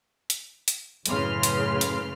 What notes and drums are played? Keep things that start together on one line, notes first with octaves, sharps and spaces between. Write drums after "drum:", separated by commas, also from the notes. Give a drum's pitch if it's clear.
drum: hi-hat
drum: hi-hat
F#2 A2 C#3 B4 C6 F6, drum: hi-hat
drum: hi-hat
drum: hi-hat